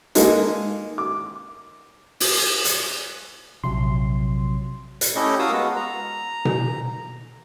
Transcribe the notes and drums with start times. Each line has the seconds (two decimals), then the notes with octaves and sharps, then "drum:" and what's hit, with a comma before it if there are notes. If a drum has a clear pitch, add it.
0.15 G#3 A#3 D#4 A4, drum: hi-hat
0.98 D6
2.20 drum: open hi-hat
2.65 drum: hi-hat
3.64 A#1 C3 F3 F#3 C6
5.01 drum: hi-hat
5.16 A3 C#4 E4 G4 A4 D#5
5.39 F#4 A#4 F5 A5 D#6 E6
5.52 G#3 B3 F#4
5.76 A#5
6.45 drum: tom B2